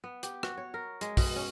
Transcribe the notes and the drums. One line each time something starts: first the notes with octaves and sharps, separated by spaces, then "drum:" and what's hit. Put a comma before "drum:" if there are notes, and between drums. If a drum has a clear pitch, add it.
B3
G4, drum: hi-hat
F#4, drum: rim click
C#5
A#4
G#3, drum: hi-hat
B2, drum: kick, open hi-hat
C#4